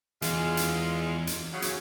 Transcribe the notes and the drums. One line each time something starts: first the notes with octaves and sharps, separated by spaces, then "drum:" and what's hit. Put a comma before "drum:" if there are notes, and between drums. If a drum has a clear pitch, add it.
E2 G#3 F4, drum: hi-hat
drum: hi-hat
drum: hi-hat
C#3 F#3
drum: hi-hat